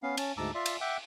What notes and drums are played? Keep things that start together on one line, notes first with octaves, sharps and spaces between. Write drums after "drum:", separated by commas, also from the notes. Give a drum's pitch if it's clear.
B3 C#4 F5
C#4 A5, drum: cymbal
D2 G#2 A5 A#5 D6 E6
F4 D5 E5 C6
drum: cymbal
E5 F#5 G5 D6 F#6